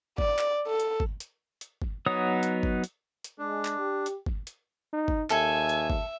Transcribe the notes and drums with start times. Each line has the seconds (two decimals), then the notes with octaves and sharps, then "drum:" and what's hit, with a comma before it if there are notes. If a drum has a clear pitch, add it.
0.18 D5, drum: kick G1
0.39 drum: clap
0.67 A4
0.80 drum: hi-hat
1.00 drum: kick G1
1.20 drum: hi-hat
1.61 drum: hi-hat
1.82 drum: kick G1
2.06 F#3 B3 D#4 C#5 D#6
2.43 drum: hi-hat
2.63 drum: kick G1
2.84 drum: hi-hat
3.24 drum: hi-hat
3.39 G#3 D4
3.65 drum: clap
3.78 G4
4.06 drum: hi-hat
4.26 drum: kick G1
4.47 drum: hi-hat
4.93 D#4
5.08 drum: kick G1
5.30 D#2 A4 E5 G#5, drum: clap
5.69 drum: hi-hat
5.90 drum: kick G1